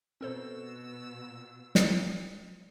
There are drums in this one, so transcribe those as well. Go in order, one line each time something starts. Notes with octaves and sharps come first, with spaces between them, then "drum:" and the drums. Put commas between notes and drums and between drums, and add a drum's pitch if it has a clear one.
B2 C4 A4 C5 E6
drum: snare